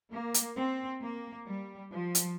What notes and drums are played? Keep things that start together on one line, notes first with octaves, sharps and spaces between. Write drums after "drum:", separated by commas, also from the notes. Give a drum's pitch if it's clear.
A#3
drum: hi-hat
C4
A#3
G3
F3
drum: hi-hat